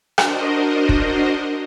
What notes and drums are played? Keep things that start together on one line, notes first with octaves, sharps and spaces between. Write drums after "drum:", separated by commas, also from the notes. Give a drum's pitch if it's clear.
D4 F#4 A#4 C5 D#5, drum: rim click
drum: kick